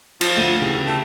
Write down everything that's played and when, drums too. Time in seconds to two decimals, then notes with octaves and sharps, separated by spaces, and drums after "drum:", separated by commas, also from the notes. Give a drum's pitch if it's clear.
0.21 F3 F4, drum: cymbal
0.36 D2 D#7
0.62 E2 C#3 G4
0.86 A3